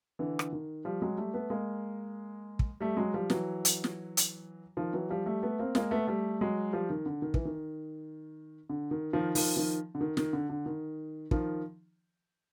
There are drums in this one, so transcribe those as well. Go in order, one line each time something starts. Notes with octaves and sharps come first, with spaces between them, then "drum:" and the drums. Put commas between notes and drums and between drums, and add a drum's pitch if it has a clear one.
D3 E3
drum: rim click
D#3
F3 G3
F#3 G#3
G3 A3
A3 B3
G#3 A#3
drum: kick
G3 A3
F#3 G#3
F3 G3
E3 F#3, drum: snare
drum: hi-hat
drum: snare
drum: hi-hat
D#3 F3
E3 F#3
F3 G3
G3 A3
A3 B3
A#3 C4
G#3 A#3, drum: snare
A3 B3
G3 A3
F#3 G#3
F3 G3
D#3
D3
D#3
E3, drum: kick
D#3
D3
D#3
D#3 F3
D#3 F3, drum: open hi-hat
D#3 F3
D3
D#3
D#3, drum: snare
D3
D3
D#3
D#3 F3, drum: kick